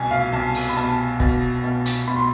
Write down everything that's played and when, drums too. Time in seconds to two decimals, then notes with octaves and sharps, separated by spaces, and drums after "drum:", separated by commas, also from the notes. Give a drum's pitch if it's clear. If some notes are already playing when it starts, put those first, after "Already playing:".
Already playing: C2 B2 G#5
0.11 F5
0.33 C2 A5
0.55 drum: open hi-hat
0.69 B5
0.76 B2 A5
1.20 B2, drum: kick
1.64 B2
1.85 drum: hi-hat
2.07 B2 B5
2.16 C6